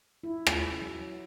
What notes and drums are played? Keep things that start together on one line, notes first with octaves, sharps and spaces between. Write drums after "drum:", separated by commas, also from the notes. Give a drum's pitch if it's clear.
E4
drum: rim click
F#3